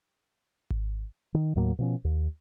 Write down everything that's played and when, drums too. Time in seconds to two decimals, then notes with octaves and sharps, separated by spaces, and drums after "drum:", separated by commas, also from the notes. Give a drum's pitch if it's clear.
0.70 drum: kick G#1
1.34 D#3
1.55 D#2 A2 F#3 A#3
1.79 B2 F3 C#4
2.04 D#2